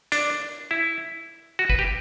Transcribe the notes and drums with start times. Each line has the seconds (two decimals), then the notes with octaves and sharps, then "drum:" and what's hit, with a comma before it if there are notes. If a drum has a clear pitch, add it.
0.12 D4, drum: hi-hat
0.71 E4
1.59 F#4
1.70 B4, drum: kick
1.79 G4